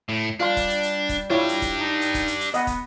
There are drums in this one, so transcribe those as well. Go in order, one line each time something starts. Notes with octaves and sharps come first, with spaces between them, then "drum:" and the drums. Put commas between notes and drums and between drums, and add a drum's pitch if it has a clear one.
A2
G3 D4 F4 F5 C6
drum: kick, hi-hat
drum: hi-hat
drum: hi-hat
drum: kick, hi-hat
D4 E4 F4 G4 C#5
drum: hi-hat
drum: kick, hi-hat
D#4
drum: hi-hat
drum: kick, hi-hat
drum: hi-hat
drum: hi-hat
B3 D#5 F#5, drum: hi-hat
drum: kick, hi-hat